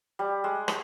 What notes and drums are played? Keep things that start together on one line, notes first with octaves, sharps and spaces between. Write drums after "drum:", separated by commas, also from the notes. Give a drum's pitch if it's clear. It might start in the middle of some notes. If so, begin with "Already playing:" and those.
G3
G#3
drum: rim click